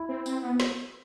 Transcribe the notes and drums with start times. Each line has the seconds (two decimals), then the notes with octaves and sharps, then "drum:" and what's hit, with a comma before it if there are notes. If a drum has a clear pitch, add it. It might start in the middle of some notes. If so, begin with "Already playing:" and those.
Already playing: E4
0.09 C4
0.26 C4, drum: tambourine
0.42 B3
0.60 drum: snare